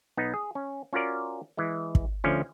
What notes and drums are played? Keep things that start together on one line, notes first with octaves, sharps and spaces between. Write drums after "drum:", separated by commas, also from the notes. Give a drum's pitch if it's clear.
B1 B3 D#4
G#4
C#4
C#4 F4 F#4 A#4 D5
E3 G#3
drum: kick
D2 D3 F3 C#4